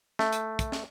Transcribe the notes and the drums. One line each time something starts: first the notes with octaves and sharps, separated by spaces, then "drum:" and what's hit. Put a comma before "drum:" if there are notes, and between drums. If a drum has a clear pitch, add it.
A3, drum: snare
drum: hi-hat
drum: kick, hi-hat
drum: snare